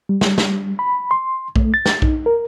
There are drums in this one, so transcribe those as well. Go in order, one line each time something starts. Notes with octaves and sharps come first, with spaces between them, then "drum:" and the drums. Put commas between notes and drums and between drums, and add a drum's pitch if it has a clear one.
G3
drum: snare
drum: snare
B5
C6
A3, drum: kick B1
A6
drum: snare
D#4, drum: kick B1
A#4